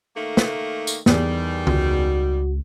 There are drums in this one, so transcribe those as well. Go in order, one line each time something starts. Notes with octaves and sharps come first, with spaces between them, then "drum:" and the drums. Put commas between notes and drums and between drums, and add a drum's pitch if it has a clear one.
D#3 A3 A#3
drum: snare
drum: tambourine
E2 D#3 G3, drum: snare
C#2 F#4, drum: tom